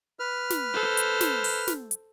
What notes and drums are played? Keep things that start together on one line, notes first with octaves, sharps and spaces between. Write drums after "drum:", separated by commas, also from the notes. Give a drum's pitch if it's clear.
B4 F6
drum: snare
A4 C5
drum: hi-hat
drum: snare
drum: open hi-hat
drum: snare
drum: hi-hat